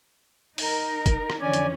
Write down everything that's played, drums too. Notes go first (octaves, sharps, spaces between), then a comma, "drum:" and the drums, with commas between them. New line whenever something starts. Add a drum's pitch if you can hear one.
D#4 A#4, drum: open hi-hat
drum: kick, hi-hat
drum: rim click
F2 D3 E3 C#4 D5 G#5
drum: hi-hat